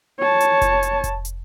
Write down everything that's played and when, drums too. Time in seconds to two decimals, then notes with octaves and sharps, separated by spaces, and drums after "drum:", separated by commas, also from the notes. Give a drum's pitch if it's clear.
0.19 C#5 A5
0.40 drum: hi-hat
0.62 drum: kick F1, hi-hat
0.83 drum: hi-hat
1.04 drum: kick F1, hi-hat
1.25 drum: hi-hat